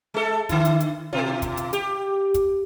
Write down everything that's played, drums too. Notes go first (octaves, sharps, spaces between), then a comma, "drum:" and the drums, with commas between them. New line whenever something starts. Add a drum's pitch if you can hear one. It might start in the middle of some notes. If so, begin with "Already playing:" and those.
G#3 A4
D3 E4, drum: kick, hi-hat
drum: hi-hat
drum: hi-hat
B2 F4, drum: tom
drum: kick, hi-hat
drum: hi-hat
G4, drum: hi-hat
drum: kick, hi-hat